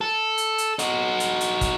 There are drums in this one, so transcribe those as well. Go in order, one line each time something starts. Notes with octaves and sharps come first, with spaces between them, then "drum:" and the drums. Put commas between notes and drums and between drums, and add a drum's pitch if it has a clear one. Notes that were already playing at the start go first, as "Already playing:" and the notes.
A4
drum: hi-hat
drum: hi-hat
D#4 F#4, drum: hi-hat
drum: hi-hat
drum: hi-hat
drum: kick, hi-hat